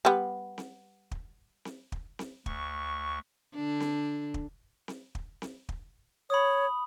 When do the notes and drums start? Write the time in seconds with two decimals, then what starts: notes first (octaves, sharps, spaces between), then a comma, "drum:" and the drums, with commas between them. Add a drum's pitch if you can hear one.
0.05 G3 B3
0.58 drum: snare C4
1.11 drum: kick
1.65 drum: snare C4
1.92 drum: kick
2.19 drum: snare C4
2.46 D2 C#6, drum: kick
3.55 D3 D4
3.80 drum: snare C4
4.34 drum: kick
4.88 drum: snare C4
5.15 drum: kick
5.42 drum: snare C4
5.69 drum: kick
6.30 C#5 B5 D#6